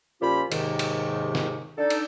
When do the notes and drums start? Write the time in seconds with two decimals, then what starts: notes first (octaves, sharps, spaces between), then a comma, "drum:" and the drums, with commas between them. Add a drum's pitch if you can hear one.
0.22 A#2 F3 C#4 F4 G4 B5
0.52 D#2 G#2 C3 D#3, drum: cymbal
0.79 drum: cymbal
1.35 drum: snare
1.78 D4 D#4 A4
1.90 drum: cymbal